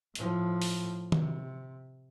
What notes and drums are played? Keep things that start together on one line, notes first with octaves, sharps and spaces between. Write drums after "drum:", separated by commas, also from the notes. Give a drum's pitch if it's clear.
A2 F3, drum: hi-hat
drum: open hi-hat
C3, drum: tom D#3